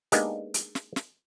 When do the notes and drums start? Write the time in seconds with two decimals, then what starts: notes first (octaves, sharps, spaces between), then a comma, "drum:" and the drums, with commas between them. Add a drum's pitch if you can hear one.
0.12 G#3 A#3 B3 D4 D#4 G4, drum: hi-hat
0.54 drum: hi-hat
0.75 drum: snare
0.96 drum: snare